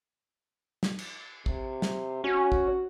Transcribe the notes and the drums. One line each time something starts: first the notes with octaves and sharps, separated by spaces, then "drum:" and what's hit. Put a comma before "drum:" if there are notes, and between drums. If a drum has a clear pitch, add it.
drum: snare
drum: cymbal
C3, drum: kick
drum: snare
C#4 F#4
drum: kick